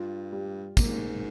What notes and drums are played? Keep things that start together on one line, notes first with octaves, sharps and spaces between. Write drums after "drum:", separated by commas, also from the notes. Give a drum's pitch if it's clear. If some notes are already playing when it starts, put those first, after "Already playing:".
Already playing: G2 F4
G3
G#2 A#3, drum: kick, tambourine